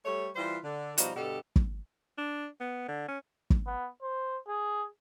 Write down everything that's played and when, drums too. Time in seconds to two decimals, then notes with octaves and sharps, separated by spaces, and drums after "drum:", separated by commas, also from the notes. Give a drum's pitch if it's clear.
0.05 G3 A3 C#5
0.35 E3 G3 F4 C5
0.63 D3
0.98 B2 F3 G3 D#4 F#4, drum: hi-hat
1.16 G2 B2 D3 G4 A4
1.56 drum: kick
2.18 D4
2.60 B3
2.88 D3
3.08 C#4
3.50 drum: kick
3.67 B3
4.02 C5
4.48 G#4